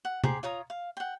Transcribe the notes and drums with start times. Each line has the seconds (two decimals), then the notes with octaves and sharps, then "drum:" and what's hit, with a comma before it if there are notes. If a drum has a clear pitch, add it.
0.05 F#5
0.24 G4 G#4 C5 A#5, drum: tom C3
0.43 F4 C#5 A#5 D#6
0.70 F5
0.97 F#5 G5